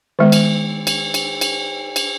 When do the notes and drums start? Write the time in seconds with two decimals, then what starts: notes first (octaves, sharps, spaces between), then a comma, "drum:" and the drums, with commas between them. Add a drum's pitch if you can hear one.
0.19 D#3 G#3 B3
0.32 drum: cymbal
0.87 drum: cymbal
1.14 drum: cymbal
1.41 drum: cymbal
1.96 drum: cymbal